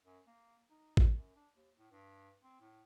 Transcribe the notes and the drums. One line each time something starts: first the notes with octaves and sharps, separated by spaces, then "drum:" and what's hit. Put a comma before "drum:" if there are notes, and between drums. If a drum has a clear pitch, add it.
F#2
A#3
D#4
F3, drum: kick
F#2
D4
D#2
A2
G2
C4
A2